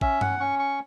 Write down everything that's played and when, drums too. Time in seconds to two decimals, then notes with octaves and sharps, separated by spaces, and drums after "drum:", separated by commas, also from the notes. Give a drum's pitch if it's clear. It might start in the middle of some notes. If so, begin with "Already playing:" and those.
0.01 C#4 E5, drum: kick A1
0.21 F#5, drum: tom G2
0.40 C#4 C#6
0.59 C#6